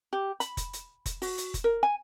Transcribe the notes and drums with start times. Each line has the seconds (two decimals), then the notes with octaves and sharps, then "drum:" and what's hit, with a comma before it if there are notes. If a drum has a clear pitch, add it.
0.13 G4
0.40 B5, drum: hi-hat
0.57 drum: kick F1, hi-hat
0.73 drum: hi-hat
1.06 drum: kick F1, hi-hat
1.22 F#4, drum: open hi-hat
1.38 drum: hi-hat
1.54 drum: kick F1, hi-hat
1.64 A#4
1.83 G#5